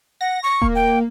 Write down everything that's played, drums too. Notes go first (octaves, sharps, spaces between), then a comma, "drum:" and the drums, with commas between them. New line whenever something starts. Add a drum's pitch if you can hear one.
F#5 A#6
C#6
A#3, drum: kick D#1
G5